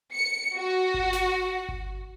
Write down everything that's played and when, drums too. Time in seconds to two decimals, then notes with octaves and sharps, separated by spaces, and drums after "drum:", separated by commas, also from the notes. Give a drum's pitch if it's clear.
0.13 C#7
0.57 F#4
0.94 drum: kick G1
1.13 drum: snare
1.69 drum: kick G1